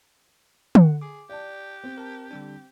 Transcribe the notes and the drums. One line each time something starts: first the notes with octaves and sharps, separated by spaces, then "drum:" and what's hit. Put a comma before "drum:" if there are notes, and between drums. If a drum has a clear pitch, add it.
F#5, drum: tom
G#4 D6
G4 D5 A5
C4
A#4 A5
D3 G3 D4